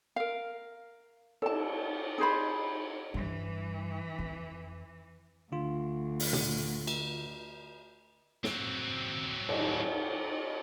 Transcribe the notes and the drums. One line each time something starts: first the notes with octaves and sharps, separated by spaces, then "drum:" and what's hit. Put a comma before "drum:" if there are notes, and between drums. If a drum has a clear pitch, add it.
A#4 F5
A4 A5, drum: cymbal
D#4 G#4 C5 B5
G2 E3 G3
F2
D2 D3 F4
drum: open hi-hat
drum: tom
drum: cymbal
F#3 C4, drum: snare
drum: cymbal